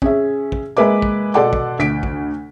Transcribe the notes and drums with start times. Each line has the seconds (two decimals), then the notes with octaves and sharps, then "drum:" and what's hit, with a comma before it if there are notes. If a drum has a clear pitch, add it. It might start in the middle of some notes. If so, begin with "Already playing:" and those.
0.02 C#4 G#4 E5, drum: kick
0.52 drum: kick
0.77 G#3 A#3 B4 E5 D6
1.02 drum: kick
1.34 B2 A4 D5 F#5 C6 D6
1.53 drum: kick
1.79 D2 B6 D7
2.03 drum: kick